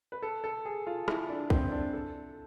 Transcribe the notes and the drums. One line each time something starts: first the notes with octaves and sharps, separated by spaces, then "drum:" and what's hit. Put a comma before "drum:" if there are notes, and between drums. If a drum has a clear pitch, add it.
B4
A4
A4
G#4
F4
E4, drum: rim click
D4
C4, drum: kick B1
D4
A4